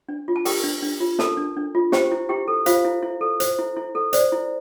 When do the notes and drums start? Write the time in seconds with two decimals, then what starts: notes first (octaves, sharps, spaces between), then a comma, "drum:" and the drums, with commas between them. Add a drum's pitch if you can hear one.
0.09 D4
0.28 F4
0.36 A5
0.45 G4 A#4 G5, drum: open hi-hat
0.64 D4
0.82 D4
1.00 F4
1.19 A4 A#4 A5, drum: snare
1.37 D4
1.57 D4
1.75 F4
1.92 G4 C5 G5, drum: snare
2.12 E4
2.29 E4 G4 G5
2.48 A4
2.66 F4 C5 F5, drum: hi-hat
2.85 E4
3.03 E4
3.21 A4
3.40 C5, drum: hi-hat
3.59 E4
3.77 E4
3.95 A4
4.13 C5 D5, drum: hi-hat
4.32 E4